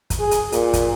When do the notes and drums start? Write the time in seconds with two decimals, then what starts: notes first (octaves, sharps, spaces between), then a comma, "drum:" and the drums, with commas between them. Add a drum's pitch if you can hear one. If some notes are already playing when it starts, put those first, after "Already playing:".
0.10 drum: kick, hi-hat
0.20 G#4
0.31 drum: hi-hat
0.52 A#2, drum: hi-hat
0.73 drum: kick, hi-hat